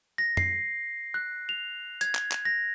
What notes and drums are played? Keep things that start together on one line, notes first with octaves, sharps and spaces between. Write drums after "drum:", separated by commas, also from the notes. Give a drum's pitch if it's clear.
A#6
C7, drum: tom F2
F#6
F7
G#6, drum: hi-hat
drum: clap
drum: clap
A#6